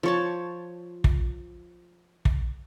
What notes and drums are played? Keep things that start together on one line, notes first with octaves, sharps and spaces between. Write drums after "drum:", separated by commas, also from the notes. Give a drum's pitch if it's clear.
F3 C#5 A5
drum: kick
drum: kick